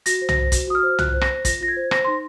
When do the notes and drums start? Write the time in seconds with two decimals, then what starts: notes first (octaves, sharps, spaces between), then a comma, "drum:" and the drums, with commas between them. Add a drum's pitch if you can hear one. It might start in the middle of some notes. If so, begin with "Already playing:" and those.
0.06 F#4 A#6, drum: hi-hat
0.22 C5
0.29 A#6, drum: tom C2
0.37 C5
0.52 F#4, drum: kick, hi-hat
0.67 F#4 D#6
0.75 F6
0.83 C5
0.99 F4 F#6, drum: tom C2
1.14 C5
1.21 A#6, drum: rim click
1.30 C5
1.45 F4 A#6, drum: kick, hi-hat
1.61 F4 A#6
1.68 G#6
1.76 C5
1.91 C5 A#6, drum: rim click
2.05 D#4 C6